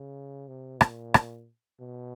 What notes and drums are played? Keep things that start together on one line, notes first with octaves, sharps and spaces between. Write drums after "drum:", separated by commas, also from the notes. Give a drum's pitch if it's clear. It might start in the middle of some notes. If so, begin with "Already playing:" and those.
Already playing: C#3
C3
A#2, drum: rim click
drum: rim click
B2